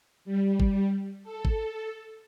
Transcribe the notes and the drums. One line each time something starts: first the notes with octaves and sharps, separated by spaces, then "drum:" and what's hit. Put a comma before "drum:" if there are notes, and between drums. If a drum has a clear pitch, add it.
G3
drum: kick
A4
drum: kick